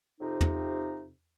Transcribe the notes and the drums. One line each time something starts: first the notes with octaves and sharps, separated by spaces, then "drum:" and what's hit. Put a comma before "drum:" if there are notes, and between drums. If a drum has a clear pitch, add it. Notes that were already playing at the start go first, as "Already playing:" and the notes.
F2 C3 D#4
drum: tom E2